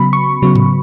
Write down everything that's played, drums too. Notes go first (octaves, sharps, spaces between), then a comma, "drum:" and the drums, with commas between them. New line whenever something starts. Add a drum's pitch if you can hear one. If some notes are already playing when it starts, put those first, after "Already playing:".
Already playing: C#3 F#3 B3 B5
C#6
C#3 F#3 B3
drum: tom G#2